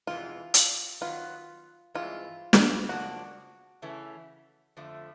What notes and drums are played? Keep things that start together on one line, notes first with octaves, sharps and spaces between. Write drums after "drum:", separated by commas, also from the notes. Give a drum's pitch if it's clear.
F2 C3 E3 G#3 B3 F4
drum: hi-hat
D#3 F#3 B3 F4
G2 E3 G#3 C4 F4
drum: snare
F2 C#3 F3 A#3 D4 F#4
C#3 E3 A3 C#4
F2 D3 F3 A3